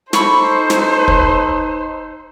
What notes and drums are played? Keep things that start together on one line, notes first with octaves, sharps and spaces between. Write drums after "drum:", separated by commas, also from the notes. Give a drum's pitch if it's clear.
D#4 A4 C5 B5 C#6, drum: snare
drum: snare
drum: kick